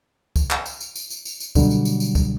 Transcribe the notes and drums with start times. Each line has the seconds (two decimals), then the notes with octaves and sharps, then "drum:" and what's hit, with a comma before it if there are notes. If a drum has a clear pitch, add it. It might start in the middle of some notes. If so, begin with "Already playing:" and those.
0.36 drum: kick C#2, tambourine
0.51 drum: clap
0.66 drum: tambourine
0.81 drum: tambourine
0.95 drum: tambourine
1.10 drum: tambourine
1.25 drum: tambourine
1.40 drum: tambourine
1.55 B2 D3 F#3 G3, drum: kick C#2, tambourine
1.70 drum: tambourine
1.85 drum: tambourine
2.00 drum: tambourine
2.15 drum: kick C#2, tambourine